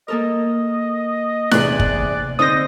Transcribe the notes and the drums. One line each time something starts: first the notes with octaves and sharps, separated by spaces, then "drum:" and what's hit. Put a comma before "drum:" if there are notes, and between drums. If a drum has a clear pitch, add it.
A#3 A4 A#4 D#5
E2 C3 G#4 D5 F#6, drum: snare D#4
drum: kick G1
D3 C4 D#4 C5 D#6 G6 A#6